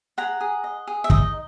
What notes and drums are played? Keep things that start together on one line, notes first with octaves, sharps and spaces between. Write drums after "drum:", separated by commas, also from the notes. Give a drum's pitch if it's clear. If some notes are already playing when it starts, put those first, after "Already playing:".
G#4 F#5 A#5
G#4
D#5
G#4
E5
D#4 D#5, drum: kick